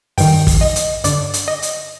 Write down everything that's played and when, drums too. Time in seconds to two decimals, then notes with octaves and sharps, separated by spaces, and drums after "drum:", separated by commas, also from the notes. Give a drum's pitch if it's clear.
0.18 G2 D#3 G5, drum: open hi-hat
0.47 drum: kick, open hi-hat
0.61 D#5
0.76 drum: hi-hat
1.04 G2 D3 D5, drum: hi-hat
1.34 drum: hi-hat
1.48 D#5
1.62 drum: hi-hat